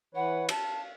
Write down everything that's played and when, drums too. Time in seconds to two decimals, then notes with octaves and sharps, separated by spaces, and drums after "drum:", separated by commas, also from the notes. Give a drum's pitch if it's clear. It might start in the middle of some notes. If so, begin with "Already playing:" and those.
0.15 E3 B4 C#5 F#5
0.49 A5, drum: cymbal
0.63 F5